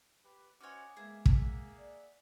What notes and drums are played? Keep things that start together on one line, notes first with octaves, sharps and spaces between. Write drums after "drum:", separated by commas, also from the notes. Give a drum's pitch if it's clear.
G4 B4
C#4 F#4 C5 C#5 D#5 F#5 G#5 D6
G#3 A#3 B3 G#4 E5
A#3 G#4 E5 F#5, drum: kick
D5